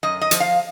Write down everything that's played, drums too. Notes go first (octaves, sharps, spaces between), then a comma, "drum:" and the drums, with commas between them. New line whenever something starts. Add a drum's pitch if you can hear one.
F#2 D#5
D#5
F3, drum: hi-hat
F5